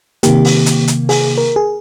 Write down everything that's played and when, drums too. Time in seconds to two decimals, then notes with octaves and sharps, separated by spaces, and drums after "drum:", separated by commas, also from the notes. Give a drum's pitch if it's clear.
0.23 C3 D#3 A#3 G4, drum: hi-hat
0.45 drum: open hi-hat
0.66 drum: hi-hat
0.88 drum: hi-hat
1.09 G#4, drum: open hi-hat
1.38 A#4
1.56 G#4